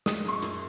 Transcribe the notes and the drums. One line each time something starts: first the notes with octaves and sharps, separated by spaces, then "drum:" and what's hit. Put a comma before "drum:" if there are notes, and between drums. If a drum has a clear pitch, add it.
G#3 D#6, drum: snare
F#2 C6
C#6
F#2, drum: hi-hat